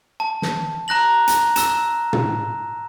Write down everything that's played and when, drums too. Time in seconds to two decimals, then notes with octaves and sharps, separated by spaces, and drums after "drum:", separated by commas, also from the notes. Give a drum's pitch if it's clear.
0.20 A5
0.42 drum: snare
0.88 A#5 F#6 A#6 F#7
1.27 drum: hi-hat
1.56 E6 E7, drum: hi-hat
2.13 drum: tom